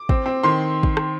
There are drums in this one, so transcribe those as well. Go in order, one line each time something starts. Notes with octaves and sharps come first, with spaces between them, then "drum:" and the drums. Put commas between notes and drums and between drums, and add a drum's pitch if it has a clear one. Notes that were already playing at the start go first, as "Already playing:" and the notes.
Already playing: D6
C4, drum: kick
C4
D#3 C6
drum: kick
drum: rim click